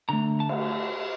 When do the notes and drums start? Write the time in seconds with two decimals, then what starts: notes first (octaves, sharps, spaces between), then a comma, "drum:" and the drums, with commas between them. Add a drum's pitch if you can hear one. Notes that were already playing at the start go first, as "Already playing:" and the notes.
0.09 D3 A3 A#5
0.40 A5
0.49 drum: cymbal